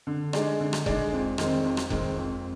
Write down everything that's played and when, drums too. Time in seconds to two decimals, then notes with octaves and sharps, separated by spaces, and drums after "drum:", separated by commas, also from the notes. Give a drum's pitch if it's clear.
0.07 D3
0.33 G#3 D#4 G#4 D5, drum: rim click
0.60 D3
0.73 drum: rim click
0.86 G#3 D#4 G#4 D5, drum: kick F1
1.12 F2
1.38 D#3 G#3 C4, drum: rim click
1.64 F2
1.77 drum: rim click
1.90 D#3 G#3 C4, drum: kick F1
2.16 F2